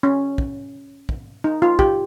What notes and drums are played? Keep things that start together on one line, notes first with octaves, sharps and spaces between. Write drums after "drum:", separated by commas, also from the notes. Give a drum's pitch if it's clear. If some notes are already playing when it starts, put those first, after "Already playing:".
C#4
drum: kick
drum: kick
D#4
F4
G4, drum: kick